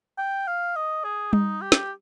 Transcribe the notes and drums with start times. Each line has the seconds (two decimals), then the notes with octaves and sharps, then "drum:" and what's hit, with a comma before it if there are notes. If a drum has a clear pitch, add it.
0.18 G5
0.47 F5
0.76 D#5
1.04 G#4
1.33 D#4, drum: tom G3
1.61 G4
1.72 drum: snare